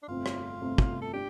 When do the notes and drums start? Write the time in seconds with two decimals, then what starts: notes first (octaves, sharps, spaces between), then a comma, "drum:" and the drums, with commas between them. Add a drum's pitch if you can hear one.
0.03 D4
0.08 G1 F2 C3 A3 C4 F4
0.26 drum: rim click
0.61 G1 F2 C3 A3 C4
0.78 drum: kick
1.02 A4
1.14 D4 G4